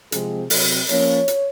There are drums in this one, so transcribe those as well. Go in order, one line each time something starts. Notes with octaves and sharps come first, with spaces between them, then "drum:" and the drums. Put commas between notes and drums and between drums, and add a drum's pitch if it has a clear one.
C3 F3 G#3 C4 G#4, drum: hi-hat
C3 F#3 C4, drum: open hi-hat
F3 A#3 C#4 C#5, drum: hi-hat
drum: hi-hat